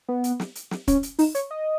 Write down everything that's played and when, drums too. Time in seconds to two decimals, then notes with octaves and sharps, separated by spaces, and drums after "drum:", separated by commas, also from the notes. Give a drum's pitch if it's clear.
0.08 B3
0.24 drum: hi-hat
0.40 drum: snare
0.55 drum: hi-hat
0.71 drum: snare
0.88 C#4, drum: kick, hi-hat
1.03 drum: hi-hat
1.19 D#4, drum: open hi-hat
1.35 C#5, drum: hi-hat
1.51 D#5